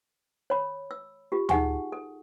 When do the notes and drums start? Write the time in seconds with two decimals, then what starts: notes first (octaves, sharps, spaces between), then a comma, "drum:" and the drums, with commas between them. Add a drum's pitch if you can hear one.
0.50 C#5 B5
0.91 E6
1.32 F4 G4
1.49 D#4 G#4 F#5 G#5 C#6, drum: tom D2
1.92 A4